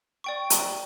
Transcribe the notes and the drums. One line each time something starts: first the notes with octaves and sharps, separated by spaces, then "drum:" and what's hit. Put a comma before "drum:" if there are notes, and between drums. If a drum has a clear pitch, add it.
D5 G5 C#6
drum: hi-hat